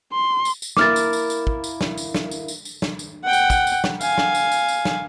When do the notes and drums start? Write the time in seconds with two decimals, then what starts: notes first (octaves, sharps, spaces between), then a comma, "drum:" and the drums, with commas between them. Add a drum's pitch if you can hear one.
0.13 C6
0.45 drum: tambourine
0.62 drum: tambourine
0.77 A#3 E4 A#4 D6 F6 A6, drum: snare
0.96 drum: tambourine
1.13 drum: tambourine
1.30 drum: tambourine
1.47 drum: kick
1.64 drum: tambourine
1.81 drum: snare
1.98 drum: tambourine
2.14 drum: snare
2.31 drum: tambourine
2.48 drum: tambourine
2.65 drum: tambourine
2.82 drum: snare
2.99 drum: tambourine
3.23 F#5 G5
3.33 drum: tambourine
3.50 drum: kick, tambourine
3.67 drum: tambourine
3.84 drum: snare
4.01 F5 G#5, drum: tambourine
4.18 drum: snare
4.35 drum: tambourine
4.52 drum: tambourine
4.68 drum: tambourine
4.85 drum: snare